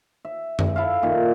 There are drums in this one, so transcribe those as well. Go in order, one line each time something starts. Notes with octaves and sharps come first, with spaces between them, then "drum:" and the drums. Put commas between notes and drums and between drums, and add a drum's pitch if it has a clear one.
E5
drum: tom F#2
E4 A4 E5 F5
A#2 D#3